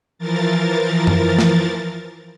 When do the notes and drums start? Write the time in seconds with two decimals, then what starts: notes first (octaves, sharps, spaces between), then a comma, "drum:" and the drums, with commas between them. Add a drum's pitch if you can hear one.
0.18 E3 F3 A#4 A6
1.07 drum: tom F#2
1.38 drum: snare